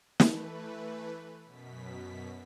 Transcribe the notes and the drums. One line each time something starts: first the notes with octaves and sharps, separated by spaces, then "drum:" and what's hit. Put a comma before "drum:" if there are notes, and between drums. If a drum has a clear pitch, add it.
E3 A3 B4, drum: snare
F#2 B2 B6